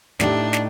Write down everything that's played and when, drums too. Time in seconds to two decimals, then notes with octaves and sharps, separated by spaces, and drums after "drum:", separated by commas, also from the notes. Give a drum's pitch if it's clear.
0.20 A2 A3 D4 D#4 G4, drum: snare
0.53 drum: snare